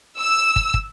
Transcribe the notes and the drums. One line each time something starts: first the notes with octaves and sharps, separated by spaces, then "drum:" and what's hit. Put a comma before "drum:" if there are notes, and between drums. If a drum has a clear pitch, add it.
E6
drum: kick
drum: kick